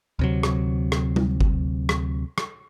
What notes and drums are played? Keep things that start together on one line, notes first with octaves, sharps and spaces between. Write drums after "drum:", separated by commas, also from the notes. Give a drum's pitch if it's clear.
D2 C3 F#3
drum: rim click
drum: rim click
drum: tom
drum: kick G1
drum: rim click
drum: rim click